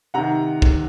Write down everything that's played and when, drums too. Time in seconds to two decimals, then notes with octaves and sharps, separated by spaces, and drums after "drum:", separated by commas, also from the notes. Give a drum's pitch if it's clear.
0.14 C3 D#3 F#5 A#5
0.62 drum: kick